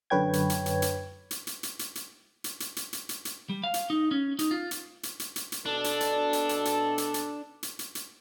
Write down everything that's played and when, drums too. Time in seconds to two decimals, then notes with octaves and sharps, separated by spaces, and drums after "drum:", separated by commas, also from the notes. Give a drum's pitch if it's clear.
0.10 F#2 D3 B4 C#5 G5 G#6
0.33 drum: hi-hat
0.50 drum: hi-hat
0.66 drum: hi-hat
0.82 drum: hi-hat
1.31 drum: hi-hat
1.47 drum: hi-hat
1.63 drum: hi-hat
1.79 drum: hi-hat
1.95 drum: hi-hat
2.44 drum: hi-hat
2.60 drum: hi-hat
2.76 drum: hi-hat
2.93 drum: hi-hat
3.09 drum: hi-hat
3.25 drum: hi-hat
3.49 G3
3.64 F5
3.74 drum: hi-hat
3.90 D#4
4.11 C#4
4.39 D#4, drum: hi-hat
4.51 F4
4.71 drum: hi-hat
5.03 drum: hi-hat
5.20 drum: hi-hat
5.36 drum: hi-hat
5.52 drum: hi-hat
5.66 B2 D4 A4
5.84 drum: hi-hat
6.01 drum: hi-hat
6.33 drum: hi-hat
6.49 drum: hi-hat
6.65 drum: hi-hat
6.98 drum: hi-hat
7.14 drum: hi-hat
7.63 drum: hi-hat
7.79 drum: hi-hat
7.95 drum: hi-hat